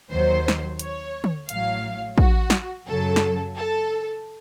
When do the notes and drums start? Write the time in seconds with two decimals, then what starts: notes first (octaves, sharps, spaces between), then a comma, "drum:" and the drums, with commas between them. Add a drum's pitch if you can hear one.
0.10 D#2 D#3 F#3 C5
0.48 drum: snare
0.79 C#5, drum: hi-hat
1.24 drum: tom
1.49 A1 A2 F#3 F5, drum: hi-hat
2.18 F#4, drum: kick
2.50 drum: snare
2.87 F#2 C#3 F#3 A4
3.16 drum: snare
3.56 A4